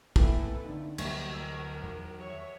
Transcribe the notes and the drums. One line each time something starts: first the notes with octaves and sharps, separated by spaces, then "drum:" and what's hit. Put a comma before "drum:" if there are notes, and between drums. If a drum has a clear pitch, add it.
A2 E3 A#3 C4 E4 A4 B4, drum: kick
D3 D#3
D2 E3 F#3 G3 A#3 E5, drum: cymbal
A#4 E6
E2 D#3 F#3
C#5 E5